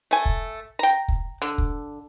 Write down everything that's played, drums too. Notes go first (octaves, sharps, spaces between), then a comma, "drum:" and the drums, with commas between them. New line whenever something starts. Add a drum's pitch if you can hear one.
A3 G#5
drum: kick
G5 A#5
drum: kick
D3
drum: kick